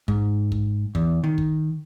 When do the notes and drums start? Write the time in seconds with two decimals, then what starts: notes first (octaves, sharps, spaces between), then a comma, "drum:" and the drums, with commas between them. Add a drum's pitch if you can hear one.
0.08 G#2, drum: kick
0.52 drum: kick
0.95 E2, drum: kick
1.24 D#3
1.38 drum: kick